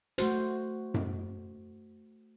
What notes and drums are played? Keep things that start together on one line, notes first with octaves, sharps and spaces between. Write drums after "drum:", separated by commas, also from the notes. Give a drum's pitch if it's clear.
A3 F#4 C5, drum: hi-hat
drum: tom F#2